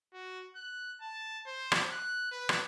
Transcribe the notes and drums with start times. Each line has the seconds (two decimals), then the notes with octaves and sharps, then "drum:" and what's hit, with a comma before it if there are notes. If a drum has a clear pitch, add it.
0.14 F#4
0.56 F#6
1.01 A5
1.46 C5
1.72 drum: rim click
1.92 F#6
2.31 B4
2.49 drum: rim click